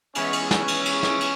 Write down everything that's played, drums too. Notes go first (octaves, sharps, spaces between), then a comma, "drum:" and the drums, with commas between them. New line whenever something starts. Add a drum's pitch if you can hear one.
E3 G#3 B3 C#4 G#4 E5, drum: cymbal
drum: cymbal
C#4, drum: snare
drum: cymbal
drum: cymbal
drum: snare
drum: cymbal